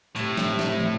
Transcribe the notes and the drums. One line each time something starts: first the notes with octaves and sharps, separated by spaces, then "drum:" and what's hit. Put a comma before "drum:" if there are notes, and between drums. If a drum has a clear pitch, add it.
A2 C3, drum: tambourine
drum: snare
drum: snare
drum: tom